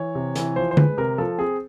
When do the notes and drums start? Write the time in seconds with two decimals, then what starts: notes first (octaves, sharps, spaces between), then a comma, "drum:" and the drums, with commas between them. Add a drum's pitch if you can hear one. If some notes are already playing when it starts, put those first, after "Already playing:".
Already playing: E3 C#5
0.15 C3
0.36 E3, drum: hi-hat
0.56 F3 C5
0.71 C5
0.77 G#3 B4, drum: tom D3
0.98 C3 A#4
1.18 F3 A4
1.38 C4 G#4